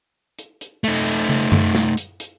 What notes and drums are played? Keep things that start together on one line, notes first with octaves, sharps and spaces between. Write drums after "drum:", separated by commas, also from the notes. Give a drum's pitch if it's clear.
drum: hi-hat
drum: hi-hat
A3 D#4
drum: hi-hat
drum: tom
drum: tom F#2
drum: snare
drum: hi-hat
drum: hi-hat